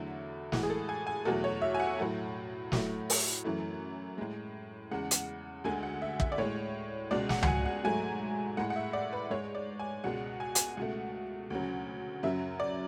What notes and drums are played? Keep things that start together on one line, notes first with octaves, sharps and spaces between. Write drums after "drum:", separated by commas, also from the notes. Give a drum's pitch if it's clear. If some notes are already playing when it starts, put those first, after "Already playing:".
Already playing: E2 D3 F#3 A3 E4
A2 E3 G#3 F#4, drum: snare
G#4
A4
G#5
G#5
E2 B2 F#3 A3 A4
C#5
E5
G#5
F#5
A2 F#3 A3
A2 F#3 A3, drum: snare
drum: open hi-hat
F#2 E3 A3
A2 G#3
E2 C#3 G#3 F#5
drum: hi-hat
D2 D3 G#3 G#5
F#5
E5
E5, drum: kick
D5
A2 G#3 C#5
C#2 B2 G#3 D5
F#5, drum: snare
F#5, drum: tom C#2
G#5
F#5
G#2 F#3 A3 G#5
A2 G#3 F#5
F#5
E5
D5
B4
G#2 G#3 C#5
D5
G#5
C#2 B2 G#3 F#5
G#5
G#5, drum: hi-hat
C#2 B2 A3 F#5
D2 C#3 F#3
F#2 C#3 F#3 E5
D5